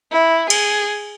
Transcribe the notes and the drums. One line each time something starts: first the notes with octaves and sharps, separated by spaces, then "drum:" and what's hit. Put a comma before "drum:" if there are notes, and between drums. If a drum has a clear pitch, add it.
E4
G#4, drum: cymbal